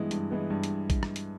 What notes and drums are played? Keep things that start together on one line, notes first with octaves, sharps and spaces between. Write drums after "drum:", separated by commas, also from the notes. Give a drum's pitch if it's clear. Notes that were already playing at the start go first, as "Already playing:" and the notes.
Already playing: G2 E3 G#3 B3
G2, drum: hi-hat
E3 G#3 B3
G2
drum: hi-hat
drum: kick A1, hi-hat
drum: rim click
drum: hi-hat